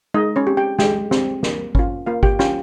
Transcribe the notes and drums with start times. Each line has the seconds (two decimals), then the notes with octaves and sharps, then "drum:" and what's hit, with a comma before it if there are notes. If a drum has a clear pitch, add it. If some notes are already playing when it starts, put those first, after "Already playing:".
0.14 G#3 D#4 D#5
0.36 C#4 C#5
0.47 C4 G4
0.57 G4 G5
0.79 G#3 G4 G5, drum: snare
1.11 C4 G4, drum: snare
1.43 A#3, drum: snare
1.75 C#4 F4, drum: kick G#1
2.06 A#3 F4 F5
2.23 G4 G5, drum: kick G#1
2.39 C#4 F4 G4 G5, drum: snare